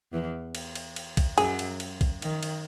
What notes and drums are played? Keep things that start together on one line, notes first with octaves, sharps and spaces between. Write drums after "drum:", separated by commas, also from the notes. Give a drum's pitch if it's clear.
E2 E3
drum: cymbal
drum: cymbal
drum: cymbal
drum: kick A#1, cymbal
F#2 F#3 G#4, drum: cymbal
drum: cymbal
drum: cymbal
drum: kick A#1, cymbal
D#3, drum: cymbal
drum: cymbal